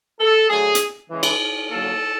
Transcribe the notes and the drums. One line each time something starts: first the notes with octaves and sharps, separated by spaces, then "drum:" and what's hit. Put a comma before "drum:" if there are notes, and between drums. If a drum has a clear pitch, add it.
A4
D3 F#3 A3 G#4
drum: hi-hat
C#3 E3 G#3
drum: cymbal
D3 F#3 A#3 A4